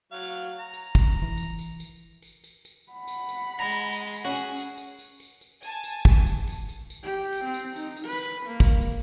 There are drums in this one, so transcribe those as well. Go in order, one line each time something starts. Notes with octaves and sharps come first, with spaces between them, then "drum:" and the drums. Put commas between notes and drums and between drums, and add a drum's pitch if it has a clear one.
F#3 F5
A#5
drum: tambourine
drum: kick, tambourine
E3
drum: tambourine
drum: tambourine
drum: tambourine
drum: tambourine
drum: tambourine
drum: tambourine
F#5 B5
drum: tambourine
drum: tambourine
G#3 G#5 A#5
drum: tambourine
drum: tambourine
drum: tambourine
C#4 F#4 G#4 G#5
drum: tambourine
drum: tambourine
drum: tambourine
drum: tambourine
drum: tambourine
drum: tambourine
G#5 A5, drum: tambourine
drum: tambourine
drum: kick, tambourine
drum: tambourine
drum: tambourine
drum: tambourine
drum: tambourine
G4
drum: tambourine
C4
drum: tambourine
D#4, drum: tambourine
drum: tambourine
B4
drum: tambourine
A#3
drum: kick, tambourine
drum: tambourine